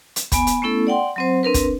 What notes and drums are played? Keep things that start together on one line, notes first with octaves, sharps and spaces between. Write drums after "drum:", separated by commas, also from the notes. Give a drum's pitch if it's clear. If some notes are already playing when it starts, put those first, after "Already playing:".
drum: hi-hat
B3 G#5 B5, drum: kick, hi-hat
drum: hi-hat
A3 B3 C#4 E4 A4
D5 F#5 G5 C6
F#3 C4 C5
C4 D4 A#4 B4
drum: kick, hi-hat